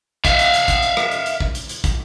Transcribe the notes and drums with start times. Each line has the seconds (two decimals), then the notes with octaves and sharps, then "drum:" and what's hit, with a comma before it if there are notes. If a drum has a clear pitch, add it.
0.25 E5 F5, drum: kick, hi-hat
0.39 drum: hi-hat
0.54 drum: hi-hat
0.68 drum: kick, hi-hat
0.83 drum: hi-hat
0.97 drum: rim click
1.11 drum: hi-hat
1.26 drum: hi-hat
1.40 drum: kick
1.55 drum: hi-hat
1.69 drum: hi-hat
1.84 drum: kick, hi-hat